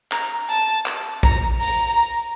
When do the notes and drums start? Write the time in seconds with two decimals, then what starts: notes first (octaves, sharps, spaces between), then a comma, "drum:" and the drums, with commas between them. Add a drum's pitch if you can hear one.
0.12 A#5, drum: clap
0.49 A5, drum: hi-hat
0.86 drum: clap
1.23 A#5, drum: kick A1, hi-hat
1.60 A#5, drum: open hi-hat